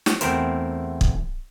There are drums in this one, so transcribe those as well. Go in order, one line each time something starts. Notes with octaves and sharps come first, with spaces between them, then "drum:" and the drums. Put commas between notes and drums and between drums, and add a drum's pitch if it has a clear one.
drum: snare
E2 A3 C4 E4 A#4 C5, drum: hi-hat
drum: kick